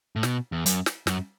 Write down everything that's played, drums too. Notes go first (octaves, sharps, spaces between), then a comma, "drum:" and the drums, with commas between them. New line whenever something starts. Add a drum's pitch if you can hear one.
A2
B2, drum: snare
E2
F#2, drum: hi-hat
drum: snare
F#2, drum: snare